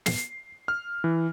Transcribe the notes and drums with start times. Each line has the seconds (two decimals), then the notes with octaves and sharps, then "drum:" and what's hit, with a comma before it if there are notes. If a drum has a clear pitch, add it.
0.06 C7, drum: snare
0.68 F6
1.04 E3